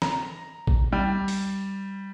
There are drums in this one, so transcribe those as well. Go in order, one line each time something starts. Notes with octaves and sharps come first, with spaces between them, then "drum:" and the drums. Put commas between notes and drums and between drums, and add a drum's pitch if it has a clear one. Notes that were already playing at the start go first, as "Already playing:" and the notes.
A#5, drum: snare
drum: kick A#1
G3
drum: open hi-hat